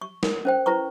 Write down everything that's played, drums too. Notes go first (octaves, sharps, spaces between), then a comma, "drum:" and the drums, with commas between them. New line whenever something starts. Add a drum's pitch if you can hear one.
C#6
A#4, drum: snare
C#4 C5 G5
E4 B4 A#5 C#6